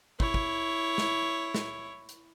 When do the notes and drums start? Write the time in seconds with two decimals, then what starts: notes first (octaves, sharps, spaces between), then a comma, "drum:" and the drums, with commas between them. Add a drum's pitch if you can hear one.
0.20 E4 C#5, drum: kick
0.34 drum: kick
0.98 drum: snare
1.54 drum: snare
2.09 drum: hi-hat